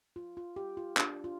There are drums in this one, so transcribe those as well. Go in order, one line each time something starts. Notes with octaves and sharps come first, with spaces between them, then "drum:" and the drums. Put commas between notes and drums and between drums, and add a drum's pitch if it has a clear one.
F4
F4
G4
F4
D4, drum: clap
F4